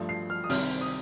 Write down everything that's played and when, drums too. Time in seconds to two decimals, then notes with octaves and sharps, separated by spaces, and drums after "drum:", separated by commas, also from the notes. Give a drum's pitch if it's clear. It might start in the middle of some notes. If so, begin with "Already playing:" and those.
Already playing: G2 F3 A3
0.09 C7
0.30 F6
0.44 D#6
0.49 C2 C3 D#3 G3 C4 F6, drum: open hi-hat
0.81 D#6